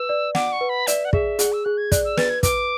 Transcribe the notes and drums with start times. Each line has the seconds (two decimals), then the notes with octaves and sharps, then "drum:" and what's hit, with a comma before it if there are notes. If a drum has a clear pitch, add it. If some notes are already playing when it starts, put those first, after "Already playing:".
Already playing: B4 E6
0.09 D5
0.35 F#5 D6, drum: snare
0.52 C#6
0.61 B4
0.69 B5
0.87 D5 E5, drum: hi-hat
1.05 F#5
1.13 G#4 E5, drum: kick
1.39 G#4 F#5, drum: hi-hat
1.53 E6
1.65 G#4 F#6
1.78 G#6
1.92 D5 F#6, drum: kick, hi-hat
2.05 E6
2.17 B4 A6, drum: snare
2.30 G#6
2.43 B4 D6, drum: kick, hi-hat